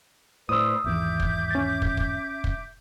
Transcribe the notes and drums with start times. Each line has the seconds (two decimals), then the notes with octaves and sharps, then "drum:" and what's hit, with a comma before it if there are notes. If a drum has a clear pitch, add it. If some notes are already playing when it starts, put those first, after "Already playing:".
0.49 A2 B4 C5 D5 D#6 E6
0.84 G#1 E2 E5 D6 G6
1.20 drum: kick
1.51 C#4 A6
1.82 drum: kick
1.97 drum: kick
2.44 drum: kick